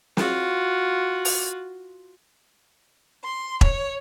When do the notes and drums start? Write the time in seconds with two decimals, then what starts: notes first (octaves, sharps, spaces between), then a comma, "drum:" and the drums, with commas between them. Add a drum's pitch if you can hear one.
0.17 F4 F#4, drum: snare
1.25 drum: open hi-hat
3.23 C6
3.61 C#5, drum: kick E1